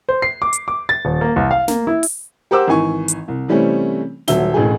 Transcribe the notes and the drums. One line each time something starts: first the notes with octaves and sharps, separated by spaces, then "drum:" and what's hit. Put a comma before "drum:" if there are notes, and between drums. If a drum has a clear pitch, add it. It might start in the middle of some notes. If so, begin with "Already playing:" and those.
C5
C7
D6
drum: hi-hat
D6
A6
D#1
A#3
C2
F5
A#3, drum: snare
E4
drum: open hi-hat
G4 A#4 C5 F#5 D6 E6
G#1 E3 G#5 C#6
drum: hi-hat
C2
C3 E3 G3 A3 C4 C#4
D#1 F#3 E5 G7, drum: snare
E1 A1 A2 G#4